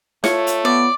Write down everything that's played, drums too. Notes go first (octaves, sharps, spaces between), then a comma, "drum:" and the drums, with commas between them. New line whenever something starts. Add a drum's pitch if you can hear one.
A3 F4 C#5, drum: snare
drum: hi-hat
B3 D5